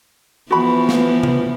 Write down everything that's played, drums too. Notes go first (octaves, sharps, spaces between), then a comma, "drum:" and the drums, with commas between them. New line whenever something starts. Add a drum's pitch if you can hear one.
E3 F3 B3 F#4 B5
drum: snare
drum: tom C3